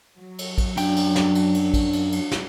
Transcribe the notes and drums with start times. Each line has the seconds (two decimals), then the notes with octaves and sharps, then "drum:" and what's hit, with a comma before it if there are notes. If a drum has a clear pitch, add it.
0.17 F#3
0.38 drum: cymbal
0.58 drum: kick A1, cymbal
0.77 F#2 D4 G5, drum: cymbal
0.96 drum: cymbal
1.16 drum: snare
1.35 drum: cymbal
1.54 drum: cymbal
1.74 drum: kick A1, cymbal
1.93 drum: cymbal
2.12 drum: cymbal
2.32 drum: snare